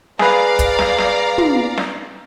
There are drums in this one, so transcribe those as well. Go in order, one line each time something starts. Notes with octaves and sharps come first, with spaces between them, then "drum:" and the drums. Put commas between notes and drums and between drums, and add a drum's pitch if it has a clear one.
G#4 B4 D5 F5 A#5, drum: snare
drum: kick, hi-hat
drum: snare
drum: snare
drum: tom
drum: snare